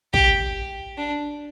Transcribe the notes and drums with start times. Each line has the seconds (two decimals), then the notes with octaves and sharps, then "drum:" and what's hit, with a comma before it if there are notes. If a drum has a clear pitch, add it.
0.14 G4, drum: kick
0.98 D4